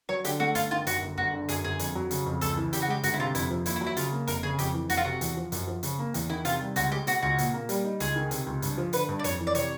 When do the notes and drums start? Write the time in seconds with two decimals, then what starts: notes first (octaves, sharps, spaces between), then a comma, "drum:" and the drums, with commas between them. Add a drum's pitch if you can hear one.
0.09 F#3 C#5
0.24 D3 G4, drum: hi-hat
0.40 A3 F#4
0.55 G1 F4, drum: hi-hat
0.71 D#3 F4
0.87 F#2 F#4, drum: hi-hat
1.02 G1
1.18 G1 F#4
1.33 D3
1.49 F#2 G#4, drum: hi-hat
1.64 G1 G#4
1.79 F2, drum: hi-hat
1.95 F#3
2.11 C#3, drum: hi-hat
2.26 F2
2.41 C#2 A4, drum: hi-hat
2.57 E3
2.73 C#3 G4, drum: hi-hat
2.82 F#4
2.88 G#3 G4
3.03 G1 F#4, drum: hi-hat
3.14 E4
3.19 C3 F4
3.35 F2 E4, drum: hi-hat
3.50 F3
3.66 D#2 E4, drum: hi-hat
3.76 E4
3.81 F#3
3.87 E4
3.97 C#3 F4, drum: hi-hat
4.12 A#3
4.27 F1 A#4, drum: hi-hat
4.43 C#3 G#4
4.59 F2 G4, drum: hi-hat
4.74 E3
4.90 F1 F#4, drum: hi-hat
4.97 F4
5.05 C3 F#4
5.21 E2, drum: hi-hat
5.37 F3
5.52 F#2, drum: hi-hat
5.67 F3
5.83 C#3, drum: hi-hat
5.99 A#3
6.14 E2, drum: hi-hat
6.30 D#3 E4
6.45 C3 F4, drum: hi-hat
6.61 G3
6.76 C#2 F#4, drum: hi-hat
6.91 G#3 G4
7.07 B2 F#4, drum: hi-hat
7.22 C#2 F#4
7.38 A#2, drum: hi-hat
7.54 A#3
7.69 G3, drum: hi-hat
7.84 D#4
8.00 C#2 G#4, drum: hi-hat
8.16 D#3
8.31 C3, drum: hi-hat
8.46 C#2
8.62 G2, drum: hi-hat
8.78 F3
8.93 D3 B4, drum: hi-hat
9.09 G2
9.19 D5
9.24 F2 C#5, drum: hi-hat
9.40 E3
9.47 D5
9.55 C3 C#5, drum: hi-hat